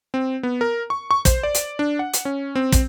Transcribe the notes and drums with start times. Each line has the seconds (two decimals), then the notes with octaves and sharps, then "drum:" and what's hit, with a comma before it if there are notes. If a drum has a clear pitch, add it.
0.14 C4
0.43 B3
0.61 A#4
0.90 C#6
1.11 C#6
1.25 C5, drum: kick, hi-hat
1.43 D5
1.55 drum: hi-hat
1.79 D4
1.99 F#5
2.14 drum: hi-hat
2.25 C#4
2.55 C4
2.72 drum: kick, hi-hat